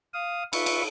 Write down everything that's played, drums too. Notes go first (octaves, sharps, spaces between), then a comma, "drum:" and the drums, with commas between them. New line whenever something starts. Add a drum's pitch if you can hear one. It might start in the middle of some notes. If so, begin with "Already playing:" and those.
F5 D#6
F4 B4 E5 C#6, drum: cymbal
drum: cymbal